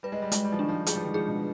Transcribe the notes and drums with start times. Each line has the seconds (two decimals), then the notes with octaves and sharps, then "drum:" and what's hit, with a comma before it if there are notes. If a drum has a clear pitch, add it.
0.03 G3 B4
0.12 G#3
0.22 G3
0.32 G#3, drum: hi-hat
0.44 G3
0.52 F3
0.59 D#3 D4
0.69 F3
0.87 G3 G#4, drum: hi-hat
0.95 F3
1.04 D#3
1.14 F3 G#4
1.28 B2